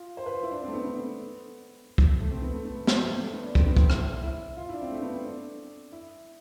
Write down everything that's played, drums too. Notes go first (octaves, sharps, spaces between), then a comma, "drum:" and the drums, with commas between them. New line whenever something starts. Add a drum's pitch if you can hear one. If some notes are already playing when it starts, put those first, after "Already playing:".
Already playing: F4
C5
B4
F4
E4
D4
C4
A3
B3
B3
drum: kick
A3
C4
B3
A3
B3
A3
B3, drum: snare
A3
B3
D4
C4, drum: kick
B3
C4, drum: kick
E4, drum: rim click
E4
F4
E4
D4
C4
A3
B3
C4
D4
E4